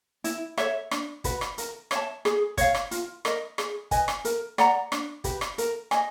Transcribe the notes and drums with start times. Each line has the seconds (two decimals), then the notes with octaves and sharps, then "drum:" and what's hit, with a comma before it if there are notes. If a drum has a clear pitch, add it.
0.24 E4, drum: hi-hat
0.58 A4 C#5 E5, drum: rim click
0.91 D4, drum: rim click
1.24 F#4 B4, drum: kick, hi-hat
1.41 drum: rim click
1.58 A#4, drum: hi-hat
1.91 C#5 E5 A5, drum: rim click
2.25 G#4, drum: rim click
2.57 C#5 F5, drum: kick, hi-hat
2.74 drum: rim click
2.91 F4, drum: hi-hat
3.25 A#4 D#5, drum: rim click
3.58 G#4, drum: rim click
3.91 B4 D#5 G#5, drum: kick, hi-hat
4.08 drum: rim click
4.25 A#4, drum: hi-hat
4.58 D5 F#5 A#5, drum: rim click
4.92 D4, drum: rim click
5.24 G4 B4, drum: kick, hi-hat
5.41 drum: rim click
5.58 A#4, drum: hi-hat
5.91 D#5 G#5, drum: rim click